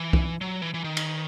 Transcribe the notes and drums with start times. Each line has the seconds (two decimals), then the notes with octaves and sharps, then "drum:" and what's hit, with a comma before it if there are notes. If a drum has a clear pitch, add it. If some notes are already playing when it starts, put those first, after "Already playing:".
Already playing: E3
0.13 drum: kick
0.41 F#3
0.62 E3
0.74 E3
0.84 D#3
0.97 drum: cymbal